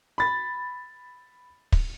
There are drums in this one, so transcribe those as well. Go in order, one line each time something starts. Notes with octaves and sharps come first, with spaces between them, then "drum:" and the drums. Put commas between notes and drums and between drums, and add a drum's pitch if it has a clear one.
B5 A6
drum: kick